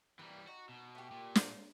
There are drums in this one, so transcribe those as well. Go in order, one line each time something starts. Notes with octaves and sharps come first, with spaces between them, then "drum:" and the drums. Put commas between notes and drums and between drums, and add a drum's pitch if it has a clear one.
E3 G3 A#3 G4
D#4 F#4
B2
A3 G4
A#2
A#3 C4, drum: snare